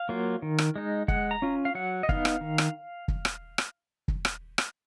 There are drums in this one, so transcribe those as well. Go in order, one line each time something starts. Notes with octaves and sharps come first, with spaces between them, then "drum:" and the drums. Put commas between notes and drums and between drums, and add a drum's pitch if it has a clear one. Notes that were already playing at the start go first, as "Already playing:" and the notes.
Already playing: F5
F#3 A#3 F4
D#3
drum: rim click
G#3 D#4
G#3 F#5, drum: kick
A#5
C#4 F4
F5
F#3 F#5
D#5
B3 D#4 F5, drum: kick
drum: rim click
D#3
drum: rim click
drum: kick
drum: rim click
drum: rim click
drum: kick
drum: rim click
drum: rim click